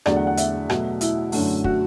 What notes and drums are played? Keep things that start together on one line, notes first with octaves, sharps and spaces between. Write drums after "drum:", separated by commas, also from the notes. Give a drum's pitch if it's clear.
E2 D3 F#3 A3 D5, drum: rim click
F#5
F#5
E5, drum: hi-hat
B2 F#3 A3, drum: rim click
E4, drum: hi-hat
F#2 D3 A3, drum: open hi-hat
F#4, drum: kick